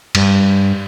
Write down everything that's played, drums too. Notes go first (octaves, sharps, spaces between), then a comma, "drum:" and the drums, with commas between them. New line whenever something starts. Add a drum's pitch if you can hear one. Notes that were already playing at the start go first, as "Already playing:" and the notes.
G2, drum: cymbal